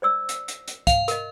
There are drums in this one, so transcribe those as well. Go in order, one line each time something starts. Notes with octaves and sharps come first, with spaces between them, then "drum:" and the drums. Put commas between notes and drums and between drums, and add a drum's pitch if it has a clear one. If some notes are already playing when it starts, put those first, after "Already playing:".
C5 D5 E6
drum: hi-hat
drum: hi-hat
drum: hi-hat
F5, drum: kick, hi-hat
A#4 D#5, drum: hi-hat